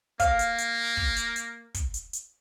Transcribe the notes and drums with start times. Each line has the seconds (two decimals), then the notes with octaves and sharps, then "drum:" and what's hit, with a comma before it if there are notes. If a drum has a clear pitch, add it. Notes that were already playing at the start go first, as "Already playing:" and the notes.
0.20 A#3 F5, drum: kick, hi-hat
0.39 drum: hi-hat
0.58 drum: hi-hat
0.97 drum: kick
1.16 drum: hi-hat
1.36 drum: hi-hat
1.74 drum: kick, hi-hat
1.94 drum: hi-hat
2.13 drum: hi-hat